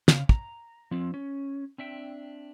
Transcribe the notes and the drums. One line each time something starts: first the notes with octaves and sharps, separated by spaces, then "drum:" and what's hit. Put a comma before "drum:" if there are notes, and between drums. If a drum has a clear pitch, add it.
C#3 F5, drum: snare
A#5, drum: kick
F3 C4
C#4
C4 D4 E5 G5